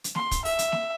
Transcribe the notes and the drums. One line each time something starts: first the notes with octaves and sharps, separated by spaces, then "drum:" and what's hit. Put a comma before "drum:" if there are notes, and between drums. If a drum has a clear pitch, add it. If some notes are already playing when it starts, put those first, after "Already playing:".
drum: hi-hat
C6, drum: snare
drum: kick, hi-hat
E5, drum: open hi-hat
drum: hi-hat
drum: snare